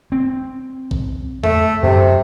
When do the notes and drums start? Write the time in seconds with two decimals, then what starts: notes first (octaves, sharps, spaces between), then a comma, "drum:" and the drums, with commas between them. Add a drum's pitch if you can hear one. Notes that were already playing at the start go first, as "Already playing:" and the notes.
0.12 C4
0.91 drum: kick
1.44 A3, drum: tom E2
1.83 F#2 C3